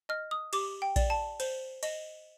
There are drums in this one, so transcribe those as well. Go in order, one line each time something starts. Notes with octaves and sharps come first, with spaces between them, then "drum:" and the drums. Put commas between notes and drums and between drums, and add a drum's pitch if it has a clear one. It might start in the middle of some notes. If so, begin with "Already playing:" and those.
D#5 F6
D#6
G4 D6, drum: cymbal
G5
D5, drum: kick A#1, cymbal
A5
C5, drum: cymbal
D#5, drum: cymbal